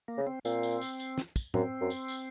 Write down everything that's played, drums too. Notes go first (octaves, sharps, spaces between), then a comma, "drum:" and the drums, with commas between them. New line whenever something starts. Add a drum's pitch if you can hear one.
A#3
C#3
C4
A#2 C4, drum: tambourine
drum: tambourine
drum: tambourine
drum: tambourine
drum: snare
drum: kick, tambourine
F#2 C4, drum: tom A2
F#2
drum: tambourine
drum: tambourine